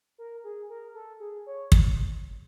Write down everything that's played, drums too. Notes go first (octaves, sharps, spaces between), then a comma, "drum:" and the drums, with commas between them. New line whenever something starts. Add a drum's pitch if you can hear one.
A#4
G#4
A#4
A4
G#4
C#5
drum: kick